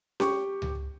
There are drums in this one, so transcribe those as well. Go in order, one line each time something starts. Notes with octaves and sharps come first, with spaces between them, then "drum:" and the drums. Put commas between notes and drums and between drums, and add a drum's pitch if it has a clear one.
G4 C#6, drum: snare C#4
drum: tom C#2